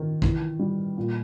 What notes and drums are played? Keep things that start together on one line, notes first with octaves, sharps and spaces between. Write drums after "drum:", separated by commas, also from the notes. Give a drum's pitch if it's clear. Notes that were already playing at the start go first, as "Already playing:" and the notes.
Already playing: D#3
E3, drum: kick
G3
A#2